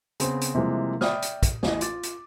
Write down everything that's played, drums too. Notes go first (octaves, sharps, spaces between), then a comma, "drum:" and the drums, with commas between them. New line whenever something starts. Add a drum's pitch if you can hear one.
C#3 B3 C4, drum: hi-hat
drum: hi-hat
C3 E3 F3 G3 G#3 A#3
D5 E5 G5 B5 D#6 F6, drum: snare
drum: hi-hat
drum: kick, hi-hat
A1 E3 D#5, drum: snare
F4 D6 A6, drum: hi-hat
drum: hi-hat